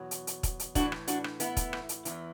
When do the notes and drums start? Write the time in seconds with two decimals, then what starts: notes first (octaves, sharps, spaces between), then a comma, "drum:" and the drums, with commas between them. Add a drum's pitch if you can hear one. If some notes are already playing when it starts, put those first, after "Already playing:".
Already playing: E2 B2 F#3
0.11 drum: hi-hat
0.27 drum: hi-hat
0.43 drum: kick, hi-hat
0.60 drum: hi-hat
0.75 A2 E3 D4 F#4, drum: kick, hi-hat
0.92 drum: rim click
1.08 D4 F#4, drum: hi-hat
1.24 drum: rim click
1.40 B3 E4, drum: hi-hat
1.57 drum: kick, hi-hat
1.73 drum: rim click
1.89 drum: hi-hat
2.05 E2 E3, drum: hi-hat